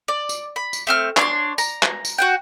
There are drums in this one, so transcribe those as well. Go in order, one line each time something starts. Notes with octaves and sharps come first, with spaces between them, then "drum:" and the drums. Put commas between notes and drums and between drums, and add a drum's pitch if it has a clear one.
D5
drum: tambourine
B5
drum: tambourine
A3 C4 F6
D4 C#5 C6, drum: clap
A#5, drum: tambourine
drum: clap
drum: tambourine
F#4 F#5 G5